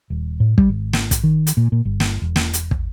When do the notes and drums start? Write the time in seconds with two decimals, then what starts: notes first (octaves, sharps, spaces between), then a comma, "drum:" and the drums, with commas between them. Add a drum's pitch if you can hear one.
0.10 D#1
0.40 A2
0.58 G3, drum: kick
0.69 G#1
0.93 drum: snare
1.11 drum: kick, hi-hat
1.24 D#3
1.47 drum: hi-hat
1.57 A#2
1.72 A#2
1.85 G1
2.00 drum: snare
2.22 E1
2.36 drum: snare
2.53 drum: hi-hat
2.71 drum: kick